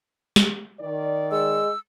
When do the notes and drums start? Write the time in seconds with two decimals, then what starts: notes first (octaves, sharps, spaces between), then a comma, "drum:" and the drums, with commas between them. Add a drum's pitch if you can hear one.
0.36 drum: snare
0.80 D#3 D5
1.32 G#3 E6